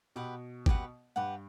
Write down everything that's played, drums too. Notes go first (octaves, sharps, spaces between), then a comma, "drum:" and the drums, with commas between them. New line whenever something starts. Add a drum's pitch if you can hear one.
B2 G4 B4 F#5
G4 B4 F#5, drum: kick G#1
G2 G4 B4 F#5